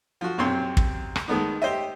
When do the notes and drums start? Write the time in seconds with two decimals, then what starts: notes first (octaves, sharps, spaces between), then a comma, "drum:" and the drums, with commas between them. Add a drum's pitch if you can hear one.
0.21 F3 F#4
0.38 B1 F#2 C3 C4 C6
0.77 drum: kick
1.16 drum: rim click
1.28 D#3 G#3 A3 B3 D#4
1.62 G4 C5 D#5 E5